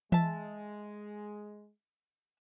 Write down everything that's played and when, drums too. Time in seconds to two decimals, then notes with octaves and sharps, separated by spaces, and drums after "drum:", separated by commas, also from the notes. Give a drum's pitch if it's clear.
0.12 G#3 E5 A5, drum: tom E3